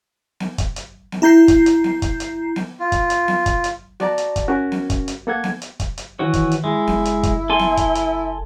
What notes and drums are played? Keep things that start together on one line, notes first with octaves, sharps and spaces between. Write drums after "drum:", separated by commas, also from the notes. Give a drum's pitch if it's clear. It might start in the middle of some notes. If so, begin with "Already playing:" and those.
drum: snare B3
drum: kick, hi-hat
drum: hi-hat
drum: snare B3
E4 A#5 G6 C7
drum: kick, hi-hat
drum: hi-hat
drum: snare B3
drum: kick, hi-hat
drum: hi-hat
drum: snare B3
F4
drum: kick, hi-hat
drum: hi-hat
drum: snare B3
drum: kick, hi-hat
drum: hi-hat
F#4 D5 A5 A#5, drum: snare B3
drum: hi-hat
drum: kick, hi-hat
C#4 F#4 A#4
drum: snare B3
drum: kick, hi-hat
drum: hi-hat
A#3 A4 F#5 G#6
drum: snare B3
drum: hi-hat
drum: kick, hi-hat
drum: hi-hat
D#3 E3 F#4 C#5
drum: kick, hi-hat
drum: hi-hat
G#3 E4
F#1, drum: snare B3
drum: hi-hat
drum: kick, hi-hat
A4 G#5 C6
drum: snare B3
drum: kick, hi-hat
drum: hi-hat